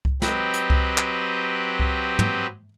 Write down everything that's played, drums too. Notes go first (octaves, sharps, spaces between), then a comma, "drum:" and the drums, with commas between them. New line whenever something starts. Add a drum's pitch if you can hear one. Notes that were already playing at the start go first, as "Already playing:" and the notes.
drum: kick C2
F#3 C4 G4 B4 D#5, drum: snare
drum: hi-hat
drum: kick C2
drum: clap
drum: kick C2
drum: tom